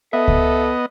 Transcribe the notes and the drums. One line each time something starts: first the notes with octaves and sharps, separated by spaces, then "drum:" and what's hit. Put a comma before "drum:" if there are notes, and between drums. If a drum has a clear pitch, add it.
B3 A4 D#5 E5
drum: kick C#2